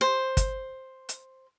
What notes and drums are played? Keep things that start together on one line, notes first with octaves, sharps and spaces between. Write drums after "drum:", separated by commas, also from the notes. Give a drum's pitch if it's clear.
C5
drum: kick, hi-hat
drum: hi-hat